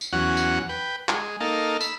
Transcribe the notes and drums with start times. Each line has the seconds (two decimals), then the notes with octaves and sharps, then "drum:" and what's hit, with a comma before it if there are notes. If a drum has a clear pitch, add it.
0.01 drum: tambourine
0.13 E2 F#3 C#4 F#5
0.37 drum: tambourine
0.69 B4 G5
1.09 G#3, drum: clap
1.40 A#3 D#4 A4 F5
1.80 B5 E6, drum: tambourine